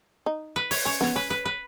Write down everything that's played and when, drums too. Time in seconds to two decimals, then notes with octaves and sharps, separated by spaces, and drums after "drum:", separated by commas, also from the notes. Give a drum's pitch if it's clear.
0.26 D#4
0.56 B4
0.71 C#5, drum: open hi-hat
0.85 C#4 C#5
1.01 B3 C#5, drum: snare
1.16 C#4 B4
1.30 B4
1.45 B4